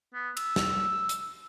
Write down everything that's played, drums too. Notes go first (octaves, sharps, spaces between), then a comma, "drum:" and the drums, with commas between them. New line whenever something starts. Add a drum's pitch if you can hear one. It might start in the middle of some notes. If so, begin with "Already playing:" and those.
B3
E6, drum: cymbal
drum: snare
drum: hi-hat